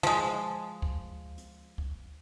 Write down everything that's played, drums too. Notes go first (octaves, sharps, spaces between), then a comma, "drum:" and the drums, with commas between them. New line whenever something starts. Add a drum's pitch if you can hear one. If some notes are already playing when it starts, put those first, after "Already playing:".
F3 G#3, drum: tom
drum: kick D2
drum: hi-hat
drum: kick D2